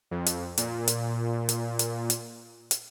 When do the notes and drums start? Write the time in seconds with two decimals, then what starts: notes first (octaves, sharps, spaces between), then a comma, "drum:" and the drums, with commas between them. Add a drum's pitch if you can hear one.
0.11 F2
0.26 drum: hi-hat
0.58 A#2, drum: hi-hat
0.88 drum: hi-hat
1.49 drum: hi-hat
1.79 drum: hi-hat
2.10 drum: hi-hat
2.71 drum: hi-hat